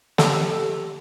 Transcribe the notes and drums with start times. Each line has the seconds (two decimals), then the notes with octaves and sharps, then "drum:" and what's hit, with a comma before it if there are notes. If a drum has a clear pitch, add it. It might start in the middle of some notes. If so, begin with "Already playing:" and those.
0.18 G4 A4 E6, drum: snare